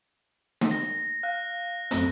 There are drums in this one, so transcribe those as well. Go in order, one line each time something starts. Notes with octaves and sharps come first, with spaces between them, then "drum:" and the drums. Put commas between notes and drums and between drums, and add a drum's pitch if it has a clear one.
drum: snare
A#6
F5 F#6
F#2 A3 C4, drum: hi-hat